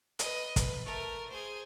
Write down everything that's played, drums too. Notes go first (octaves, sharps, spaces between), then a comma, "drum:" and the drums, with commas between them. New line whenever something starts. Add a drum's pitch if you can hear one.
B4 D#5, drum: hi-hat
B4, drum: kick, hi-hat
A3 A#4
G#4 C5